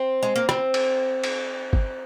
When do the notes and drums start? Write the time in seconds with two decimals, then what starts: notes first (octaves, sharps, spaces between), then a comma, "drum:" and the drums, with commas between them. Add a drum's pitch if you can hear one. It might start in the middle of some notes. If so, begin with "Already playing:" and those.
Already playing: C4
0.23 G#3
0.36 A#3
0.49 C4, drum: rim click
0.74 drum: cymbal
1.24 drum: cymbal
1.73 drum: kick